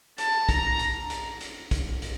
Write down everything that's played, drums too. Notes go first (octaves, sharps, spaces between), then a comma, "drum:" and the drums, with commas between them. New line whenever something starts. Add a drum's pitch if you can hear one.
A5, drum: hi-hat
A#5, drum: kick, hi-hat
drum: hi-hat
drum: hi-hat
drum: hi-hat
drum: kick, hi-hat
drum: hi-hat